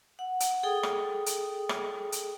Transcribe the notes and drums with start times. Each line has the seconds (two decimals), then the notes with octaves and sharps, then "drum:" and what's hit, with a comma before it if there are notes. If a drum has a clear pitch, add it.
0.19 F#5
0.40 drum: hi-hat
0.63 G#4 A4 G5 D#6
0.83 drum: rim click
1.26 drum: hi-hat
1.69 drum: rim click
2.12 drum: hi-hat